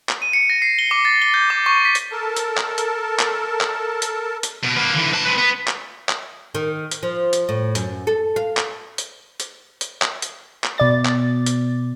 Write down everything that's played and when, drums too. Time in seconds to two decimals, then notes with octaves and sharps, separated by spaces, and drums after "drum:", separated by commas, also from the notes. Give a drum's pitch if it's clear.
0.09 drum: clap
0.22 D#7
0.33 C#7
0.50 A#6
0.62 C7
0.79 G7
0.91 D6
1.05 A6
1.22 G7
1.34 G6
1.50 D6
1.66 C#6
1.85 B6
1.95 drum: hi-hat
2.12 A4 A#4 A5
2.36 drum: hi-hat
2.57 drum: clap
2.78 drum: hi-hat
3.19 drum: clap
3.61 drum: clap
4.02 drum: hi-hat
4.43 drum: hi-hat
4.63 B2
4.76 A#3 B4
4.94 D3 E3
5.13 B4 A5
5.25 C4 B4
5.38 B3
5.67 drum: clap
6.09 drum: clap
6.55 D#3
6.91 drum: hi-hat
7.03 F3
7.33 drum: hi-hat
7.49 A2
7.75 F#2, drum: hi-hat
8.07 A4
8.36 F5
8.57 drum: clap
8.98 drum: hi-hat
9.40 drum: hi-hat
9.81 drum: hi-hat
10.02 drum: clap
10.22 drum: hi-hat
10.64 drum: clap
10.78 B2 D5 A6
11.05 drum: clap
11.46 drum: hi-hat